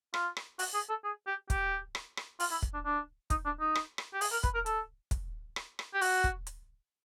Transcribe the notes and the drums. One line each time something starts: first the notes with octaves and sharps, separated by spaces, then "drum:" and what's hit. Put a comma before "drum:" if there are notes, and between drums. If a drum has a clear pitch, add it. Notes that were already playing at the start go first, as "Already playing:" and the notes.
F4, drum: rim click
drum: rim click
F#4, drum: open hi-hat
G#4
A4
G#4
G4
G4, drum: kick, hi-hat
drum: rim click
drum: rim click
F4, drum: open hi-hat
E4
drum: kick
D4
D4
D#4, drum: kick, hi-hat
D4
D#4
drum: rim click
drum: rim click
G4
G#4, drum: open hi-hat
A#4
B4, drum: kick
A#4
A4, drum: hi-hat
drum: kick, hi-hat
drum: rim click
drum: rim click
G4
F#4, drum: open hi-hat
drum: kick
drum: hi-hat